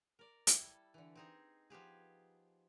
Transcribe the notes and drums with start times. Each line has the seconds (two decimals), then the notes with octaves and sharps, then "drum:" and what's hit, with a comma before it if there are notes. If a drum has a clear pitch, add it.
0.19 A#4 D5
0.47 G3 E4 A4, drum: hi-hat
0.94 D3 E3
1.15 C4 D#4 G#4
1.70 F3 B3 G4 G#4